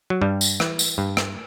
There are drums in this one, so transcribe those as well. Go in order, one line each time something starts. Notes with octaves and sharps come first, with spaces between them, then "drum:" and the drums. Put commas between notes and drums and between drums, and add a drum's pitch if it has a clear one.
F#3
G2 G3
drum: tambourine
E3, drum: rim click
drum: tambourine
G2
drum: rim click